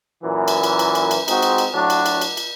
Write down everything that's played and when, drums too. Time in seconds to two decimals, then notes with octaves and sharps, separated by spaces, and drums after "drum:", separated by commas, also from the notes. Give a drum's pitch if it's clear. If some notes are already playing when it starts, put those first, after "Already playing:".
0.23 F#2 A#2 E3
0.48 drum: cymbal
0.63 drum: cymbal
0.79 drum: cymbal
0.95 drum: cymbal
1.11 drum: cymbal
1.28 G#3 C4 D#4 F#4, drum: cymbal
1.42 drum: cymbal
1.58 drum: cymbal
1.74 A2 F#3 D4 F#4
1.90 drum: cymbal
2.06 drum: cymbal
2.21 drum: cymbal
2.37 drum: cymbal